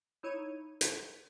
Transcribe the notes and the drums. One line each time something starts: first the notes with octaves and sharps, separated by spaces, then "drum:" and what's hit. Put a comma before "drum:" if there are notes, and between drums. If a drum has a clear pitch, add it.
D#4 E4 C#5 G#6 D#7
drum: hi-hat